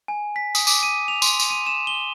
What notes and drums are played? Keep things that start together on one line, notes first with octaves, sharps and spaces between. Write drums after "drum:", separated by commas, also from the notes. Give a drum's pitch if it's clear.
G#5
B6
D#6, drum: tambourine
D6, drum: tambourine
D#7
F7
C6, drum: tambourine
drum: tambourine
D#7
E7
G7